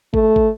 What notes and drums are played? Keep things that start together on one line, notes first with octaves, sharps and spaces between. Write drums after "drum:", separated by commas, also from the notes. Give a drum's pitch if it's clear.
A3, drum: kick
drum: kick